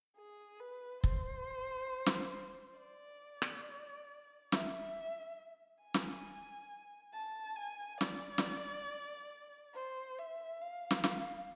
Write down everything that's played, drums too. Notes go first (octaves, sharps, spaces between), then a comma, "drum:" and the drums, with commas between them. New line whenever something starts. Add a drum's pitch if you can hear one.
G#4
B4
C5, drum: kick
drum: snare
D5
drum: rim click
E5, drum: snare
G#5
drum: snare
A5
G#5
D5, drum: snare
drum: snare
C5
E5
F5
drum: snare
drum: snare